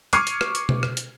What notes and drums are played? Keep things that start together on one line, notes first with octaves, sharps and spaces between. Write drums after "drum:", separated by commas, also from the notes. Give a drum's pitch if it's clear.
C#6 D6 F6 G#6 C7 D#7, drum: hi-hat
drum: hi-hat
drum: rim click
drum: hi-hat
drum: tom B2
drum: rim click
drum: hi-hat